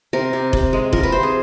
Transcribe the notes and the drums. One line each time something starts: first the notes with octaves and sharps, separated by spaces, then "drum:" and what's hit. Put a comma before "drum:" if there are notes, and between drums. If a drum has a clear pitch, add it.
C3 A#4
C3
C3, drum: kick F1
G#3
F3 A#4, drum: kick F1
B4
C3 C5
G#4